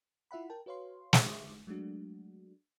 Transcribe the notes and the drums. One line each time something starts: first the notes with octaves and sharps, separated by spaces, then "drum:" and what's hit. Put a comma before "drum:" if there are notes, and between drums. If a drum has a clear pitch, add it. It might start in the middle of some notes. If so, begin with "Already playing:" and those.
E4 F4 E5 F#5 B5
A#4 G5 A5
F#4 B4 C#5 F5 C6
drum: snare
E5 C6 D6 D#6
F#3 G#3 A3 D4 F#4